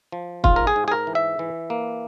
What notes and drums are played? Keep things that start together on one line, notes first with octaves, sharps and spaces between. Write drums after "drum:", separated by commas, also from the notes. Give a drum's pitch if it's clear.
F3
G#2 F4, drum: kick
A#4
G#4
G#2
G#4
A#4
E3
E5
E3
A#3